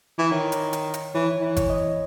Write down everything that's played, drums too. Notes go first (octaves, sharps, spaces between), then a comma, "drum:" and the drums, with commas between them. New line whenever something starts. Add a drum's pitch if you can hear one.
E3
D#3 C#5
drum: hi-hat
drum: hi-hat
drum: hi-hat
E3 C#5
E3
C#5, drum: kick G#1, hi-hat
D#5